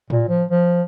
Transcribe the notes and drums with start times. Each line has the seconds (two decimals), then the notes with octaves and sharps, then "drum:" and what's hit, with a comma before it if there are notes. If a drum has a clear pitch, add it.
0.10 A#2, drum: tom A2
0.28 F3
0.50 F3